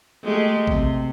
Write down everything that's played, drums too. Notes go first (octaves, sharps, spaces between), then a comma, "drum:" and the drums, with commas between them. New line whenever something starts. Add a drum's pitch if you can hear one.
G#3 A3 G4
C3, drum: kick A1